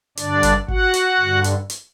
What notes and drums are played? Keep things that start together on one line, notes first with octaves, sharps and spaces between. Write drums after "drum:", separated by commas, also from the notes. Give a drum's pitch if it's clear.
G2 D3 D4 D5, drum: hi-hat
drum: kick G1, hi-hat
F#4 F#5, drum: kick G1
drum: hi-hat
G2 D3
drum: hi-hat
drum: hi-hat